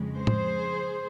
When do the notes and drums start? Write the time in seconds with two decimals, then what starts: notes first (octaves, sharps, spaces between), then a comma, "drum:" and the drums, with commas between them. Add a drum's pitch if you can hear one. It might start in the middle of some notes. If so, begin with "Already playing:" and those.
Already playing: F2 C#3 G#3
0.17 G#4 C5
0.27 drum: tom A2